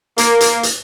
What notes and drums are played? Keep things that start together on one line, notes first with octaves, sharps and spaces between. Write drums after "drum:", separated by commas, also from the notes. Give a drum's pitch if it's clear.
A#3, drum: hi-hat
drum: hi-hat
drum: hi-hat